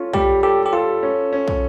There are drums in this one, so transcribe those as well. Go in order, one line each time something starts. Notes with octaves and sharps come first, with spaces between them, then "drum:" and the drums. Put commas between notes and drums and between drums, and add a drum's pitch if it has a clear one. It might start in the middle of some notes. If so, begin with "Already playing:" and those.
Already playing: C#4 F4 A4
G3 G4, drum: kick
G4 A4
G4
F4 A4
C#4
C#4
drum: kick